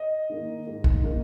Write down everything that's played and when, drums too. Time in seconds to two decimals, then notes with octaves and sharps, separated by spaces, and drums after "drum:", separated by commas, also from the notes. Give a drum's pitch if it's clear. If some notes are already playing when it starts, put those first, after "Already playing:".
Already playing: D#5
0.30 D#3 A#3 D#4
0.67 G#2
0.84 drum: kick
1.03 D#3 A#3 D#4